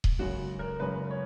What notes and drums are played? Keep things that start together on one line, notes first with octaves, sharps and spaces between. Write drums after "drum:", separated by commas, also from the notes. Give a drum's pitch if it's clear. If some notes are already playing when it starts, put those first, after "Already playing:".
drum: kick D#1
F#2 C#3 G#3 C#4 F#4
A#4
F#2 C#3 G#3 C#4 B4
C#5